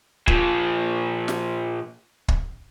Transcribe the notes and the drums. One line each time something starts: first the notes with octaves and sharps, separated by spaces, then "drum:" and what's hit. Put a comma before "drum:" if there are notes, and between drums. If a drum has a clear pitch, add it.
A#2 F3, drum: kick
drum: snare
drum: kick